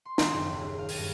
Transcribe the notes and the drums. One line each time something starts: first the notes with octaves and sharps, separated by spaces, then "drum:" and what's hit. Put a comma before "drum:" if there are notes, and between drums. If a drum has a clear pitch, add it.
C6
D#3, drum: snare
F#1
D#1
G#4
F5
drum: open hi-hat
G2